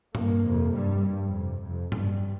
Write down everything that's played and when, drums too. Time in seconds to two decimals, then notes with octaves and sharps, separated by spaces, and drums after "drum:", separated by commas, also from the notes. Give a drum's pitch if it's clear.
0.15 G2 A#3, drum: tom G2
0.44 F2 C3
0.74 G2 G3
1.03 G2
1.33 F2 C3
1.62 F2 C3
1.92 G2 G3, drum: tom G2